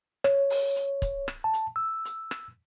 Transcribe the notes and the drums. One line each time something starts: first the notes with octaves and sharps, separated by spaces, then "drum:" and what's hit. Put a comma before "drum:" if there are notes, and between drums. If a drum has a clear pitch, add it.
C#5, drum: rim click
drum: open hi-hat
drum: hi-hat
drum: kick, hi-hat
drum: rim click
A5
drum: hi-hat
E6
drum: hi-hat
drum: rim click